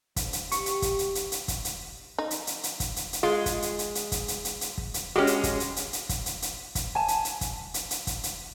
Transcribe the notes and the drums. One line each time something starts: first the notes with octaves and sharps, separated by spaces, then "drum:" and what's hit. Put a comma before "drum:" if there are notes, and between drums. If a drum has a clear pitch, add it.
D3 F3, drum: kick, hi-hat
drum: hi-hat
G4 C#6, drum: hi-hat
drum: hi-hat
drum: kick, hi-hat
drum: hi-hat
drum: hi-hat
drum: hi-hat
drum: kick, hi-hat
drum: hi-hat
D#4
drum: hi-hat
drum: hi-hat
drum: hi-hat
drum: kick, hi-hat
drum: hi-hat
drum: hi-hat
G#3 F4 F5
drum: kick, hi-hat
drum: hi-hat
drum: hi-hat
drum: hi-hat
drum: kick, hi-hat
drum: hi-hat
drum: hi-hat
drum: hi-hat
drum: kick
drum: hi-hat
G#3 C#4 F#4 G4
drum: hi-hat
drum: kick, hi-hat
drum: hi-hat
drum: hi-hat
drum: hi-hat
drum: kick, hi-hat
drum: hi-hat
drum: hi-hat
drum: kick, hi-hat
G#5 A5
drum: hi-hat
drum: hi-hat
drum: kick, hi-hat
drum: hi-hat
drum: hi-hat
drum: kick, hi-hat
drum: hi-hat